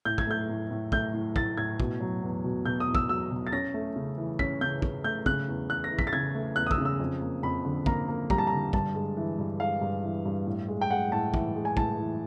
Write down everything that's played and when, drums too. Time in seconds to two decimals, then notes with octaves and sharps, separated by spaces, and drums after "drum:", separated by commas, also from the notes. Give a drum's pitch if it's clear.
0.05 A2 G6
0.18 G#6, drum: kick
0.27 A3 G6
0.49 A2
0.71 A2
0.92 A3 G6, drum: kick
1.14 A2
1.36 A2 A6, drum: kick
1.57 A2 G#6
1.80 B2, drum: kick
2.00 F#3
2.23 E2
2.44 B2
2.66 B2 G6
2.80 D#6
2.87 E2
2.95 E6, drum: kick
3.09 F#3 E6
3.31 B2
3.47 A6
3.53 C#4 A#6
3.74 A3
3.96 C#3
4.18 E3
4.39 C#4 B6, drum: kick
4.61 C#3 G6
4.82 C#3, drum: kick
5.04 A3 G6
5.26 C#3 F#6, drum: kick
5.48 E2
5.69 E2 F#6
5.84 A#6
5.91 E3
5.99 B6, drum: kick
6.07 A6
6.13 C#3 G#6
6.35 A3
6.56 E2 F#6
6.67 D#6
6.71 E6, drum: kick
6.78 C#3
6.85 E6
7.00 F2
7.21 A#3
7.43 F2 B5
7.65 D3
7.86 A#3 A#5, drum: kick
8.08 A#3
8.30 G3 A#5, drum: kick
8.38 A5
8.47 D3 A#5
8.73 G2 A5, drum: kick
8.95 G#3
9.17 E3
9.38 G2
9.60 G#3 F5
9.82 G2
10.04 E3
10.25 G2
10.46 A2
10.68 G#3
10.81 G5
10.90 G#3 F#5
11.12 A2 A5
11.34 E3, drum: kick
11.56 G#3
11.65 G#5
11.77 A2 A5, drum: kick
11.99 E3